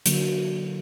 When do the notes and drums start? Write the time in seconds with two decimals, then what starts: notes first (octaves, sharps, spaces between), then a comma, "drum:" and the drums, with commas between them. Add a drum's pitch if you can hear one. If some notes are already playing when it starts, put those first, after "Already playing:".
0.06 D3 F#3 A#3, drum: hi-hat